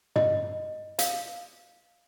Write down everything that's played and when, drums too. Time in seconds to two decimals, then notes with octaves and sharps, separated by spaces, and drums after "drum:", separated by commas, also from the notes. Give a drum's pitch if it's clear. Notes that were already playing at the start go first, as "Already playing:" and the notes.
0.16 D#5, drum: tom
0.99 F5, drum: hi-hat